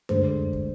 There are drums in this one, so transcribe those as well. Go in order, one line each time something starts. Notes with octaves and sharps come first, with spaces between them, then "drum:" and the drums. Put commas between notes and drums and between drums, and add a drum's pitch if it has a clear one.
D2 D3 G#3 C5, drum: tom F#2
drum: kick